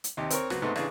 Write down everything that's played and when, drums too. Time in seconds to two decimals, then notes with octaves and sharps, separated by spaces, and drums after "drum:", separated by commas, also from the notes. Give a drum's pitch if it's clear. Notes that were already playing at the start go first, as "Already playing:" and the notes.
0.04 drum: hi-hat
0.17 D#2 C3 D#4 G4
0.30 C4 A#4 C#5, drum: hi-hat
0.50 C#2 F#3 B3, drum: rim click
0.62 G#2 C3 A3 B3 D#4
0.76 A1 C#3 E3 D4 G#4, drum: rim click